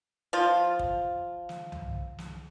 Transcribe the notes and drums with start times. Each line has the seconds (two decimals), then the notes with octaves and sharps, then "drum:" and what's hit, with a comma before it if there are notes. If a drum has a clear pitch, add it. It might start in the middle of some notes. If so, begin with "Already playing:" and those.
0.33 F3 F4
0.79 drum: kick
1.49 drum: snare
1.72 drum: tom
2.18 drum: snare